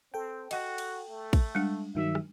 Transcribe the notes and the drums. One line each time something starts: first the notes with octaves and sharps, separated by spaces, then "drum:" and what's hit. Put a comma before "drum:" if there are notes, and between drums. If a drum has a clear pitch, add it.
C4 A4 G5
F#4 D#5 F#5, drum: cymbal
drum: cymbal
A3
drum: kick, cymbal
G3 G#3 D4
G2 D#3 F#3 E5
drum: rim click